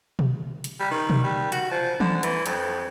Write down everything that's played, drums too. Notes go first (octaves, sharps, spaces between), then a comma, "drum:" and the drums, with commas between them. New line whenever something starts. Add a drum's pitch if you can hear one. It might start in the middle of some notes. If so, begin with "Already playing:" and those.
drum: tom B2
drum: hi-hat
G3
D#3
drum: tom B2
G3
F#4, drum: hi-hat
F3
D3, drum: tom E3
E3, drum: hi-hat
F2, drum: hi-hat